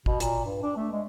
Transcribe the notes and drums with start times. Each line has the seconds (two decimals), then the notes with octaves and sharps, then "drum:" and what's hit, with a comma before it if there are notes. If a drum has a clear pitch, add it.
0.06 B2, drum: kick
0.20 A#2, drum: hi-hat
0.45 G2
0.63 D4
0.76 A3
0.91 G#3